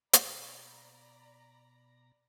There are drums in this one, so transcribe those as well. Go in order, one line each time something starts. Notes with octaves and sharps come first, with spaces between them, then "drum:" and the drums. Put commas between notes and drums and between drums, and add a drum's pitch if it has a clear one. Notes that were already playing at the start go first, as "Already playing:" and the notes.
B2 D5 A#5 B5 A#6, drum: hi-hat